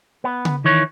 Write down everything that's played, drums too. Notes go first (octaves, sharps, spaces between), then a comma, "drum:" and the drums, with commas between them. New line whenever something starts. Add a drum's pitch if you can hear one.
B3
drum: tom C#3
D#3 E3 C#5